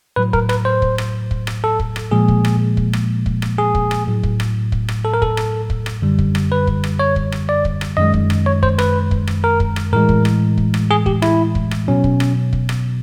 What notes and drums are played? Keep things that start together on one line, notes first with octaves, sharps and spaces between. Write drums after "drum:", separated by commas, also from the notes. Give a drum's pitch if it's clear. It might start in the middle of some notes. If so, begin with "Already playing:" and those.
A2 F#3 B4
A#4, drum: kick
B4, drum: rim click
C5
drum: kick
drum: rim click
drum: kick
drum: rim click
A4
drum: kick
drum: rim click
A#2 F3 G#3 G#4
drum: kick
drum: rim click
drum: kick
drum: rim click
drum: kick
drum: rim click
G#4
drum: kick
drum: rim click
A2 F#3
drum: kick
drum: rim click
drum: kick
drum: rim click
A4
A#4
A4, drum: kick
drum: rim click
drum: kick
drum: rim click
F#2 D3 G3
drum: kick
drum: rim click
B4
drum: kick
drum: rim click
C#5
drum: kick
drum: rim click
D5
drum: kick
drum: rim click
F#2 D#3 G#3 D#5
drum: kick
drum: rim click
C#5
C5, drum: kick
B4, drum: rim click
drum: kick
drum: rim click
A#4
drum: kick
drum: rim click
A2 E3 G#3 A#4
drum: kick
drum: rim click
drum: kick
drum: rim click
G#4
G4, drum: kick
E4, drum: rim click
drum: kick
drum: rim click
B2 F#3 C#4
drum: kick
drum: rim click
drum: kick
drum: rim click